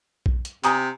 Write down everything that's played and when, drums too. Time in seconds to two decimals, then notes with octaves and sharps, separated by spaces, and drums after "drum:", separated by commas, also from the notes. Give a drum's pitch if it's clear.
0.26 drum: kick A#1
0.45 drum: hi-hat
0.64 C3 G#5 A#5 D#6, drum: clap